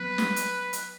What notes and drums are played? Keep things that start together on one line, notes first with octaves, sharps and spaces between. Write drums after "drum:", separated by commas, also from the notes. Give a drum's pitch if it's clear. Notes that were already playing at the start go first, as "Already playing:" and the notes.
Already playing: F#3 B3 B4
drum: snare
drum: hi-hat
drum: hi-hat